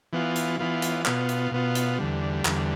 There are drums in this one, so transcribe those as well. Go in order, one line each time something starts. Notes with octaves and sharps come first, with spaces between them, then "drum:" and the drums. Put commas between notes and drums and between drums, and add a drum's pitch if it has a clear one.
E3 B3 F4
drum: hi-hat
E3 B3 F4
drum: hi-hat
B2 B3 F4, drum: clap
drum: hi-hat
B2 B3 F4
drum: hi-hat
E2 D3 G3
E2 D3 G3, drum: clap